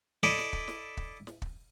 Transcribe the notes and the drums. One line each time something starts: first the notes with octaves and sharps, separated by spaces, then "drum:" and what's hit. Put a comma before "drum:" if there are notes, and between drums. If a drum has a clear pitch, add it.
E4 A4 D5 D#5
drum: snare
drum: kick
drum: snare
drum: kick
drum: snare
drum: kick